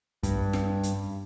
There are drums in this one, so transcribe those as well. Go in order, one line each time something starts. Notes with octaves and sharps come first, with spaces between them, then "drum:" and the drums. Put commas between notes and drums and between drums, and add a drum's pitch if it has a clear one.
G2, drum: kick, hi-hat
drum: snare
drum: hi-hat